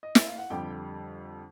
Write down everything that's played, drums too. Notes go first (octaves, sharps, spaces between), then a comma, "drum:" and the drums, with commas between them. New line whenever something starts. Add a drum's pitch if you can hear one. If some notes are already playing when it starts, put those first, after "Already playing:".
D#5
E5, drum: snare
F5
F#5
F2 D3 G3 G4 G5